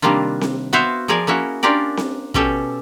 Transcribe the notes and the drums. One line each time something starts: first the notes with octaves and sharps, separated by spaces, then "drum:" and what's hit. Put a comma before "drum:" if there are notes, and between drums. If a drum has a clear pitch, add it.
C3 D#3 G3 A#3 D4 F4
drum: snare C4
B3 F#4 C5 E5 F5
F3 G#4 A#4 D5 G#5
A#3 C#4 E4 F#4
C#4 D4 F4 G4 A#4 D5
drum: snare C4
B2 C#4 G4 A4, drum: kick